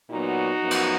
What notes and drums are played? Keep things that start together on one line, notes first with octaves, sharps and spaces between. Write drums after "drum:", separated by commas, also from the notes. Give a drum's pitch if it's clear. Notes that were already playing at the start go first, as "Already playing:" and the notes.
A#2 F#3 B3 D#4 F#4
F#2 F3 B3
drum: cymbal